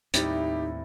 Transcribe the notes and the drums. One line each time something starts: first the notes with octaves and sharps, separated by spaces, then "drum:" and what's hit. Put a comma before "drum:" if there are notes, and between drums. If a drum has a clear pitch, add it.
D#2 A2 G3 C4 D#4 E4 G4 A6, drum: hi-hat